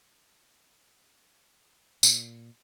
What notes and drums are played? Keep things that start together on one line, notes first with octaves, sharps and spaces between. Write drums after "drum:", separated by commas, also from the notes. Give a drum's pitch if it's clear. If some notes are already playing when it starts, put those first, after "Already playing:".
A#2, drum: tambourine